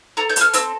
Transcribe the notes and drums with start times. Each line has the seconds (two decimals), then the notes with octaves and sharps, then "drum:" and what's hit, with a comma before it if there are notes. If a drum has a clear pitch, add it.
0.17 A4 A#5
0.29 G6
0.36 A4 F6, drum: hi-hat
0.53 C4 E6, drum: hi-hat